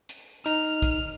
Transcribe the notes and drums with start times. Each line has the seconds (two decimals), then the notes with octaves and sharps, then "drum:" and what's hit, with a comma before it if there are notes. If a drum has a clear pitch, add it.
0.09 drum: hi-hat
0.46 D#4 F6, drum: hi-hat
0.82 drum: kick, hi-hat